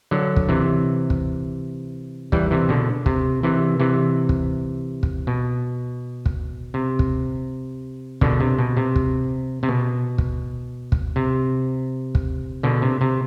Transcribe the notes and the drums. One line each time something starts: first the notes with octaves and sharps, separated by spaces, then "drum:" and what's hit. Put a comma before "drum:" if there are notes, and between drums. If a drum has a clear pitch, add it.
D3 F#3
drum: kick
C3 E3
drum: kick
E3 G3, drum: kick
C3 E3
B2 D3
C3, drum: kick
C3 E3
C3 E3
drum: kick
drum: kick
B2
drum: kick
C3
drum: kick
B2 D3, drum: kick
C3
B2
C3
drum: kick
C3
B2
drum: kick
drum: kick
C3
drum: kick
B2 D3
C3
C3